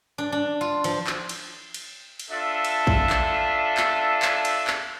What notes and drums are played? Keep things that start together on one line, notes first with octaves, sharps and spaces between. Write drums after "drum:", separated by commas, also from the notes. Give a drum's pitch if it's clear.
D4
D4
F4
F3, drum: cymbal
drum: clap
drum: cymbal
drum: cymbal
drum: cymbal
D4 F4 A4 E5
drum: cymbal
drum: kick
drum: clap
drum: clap
drum: clap
drum: cymbal
drum: clap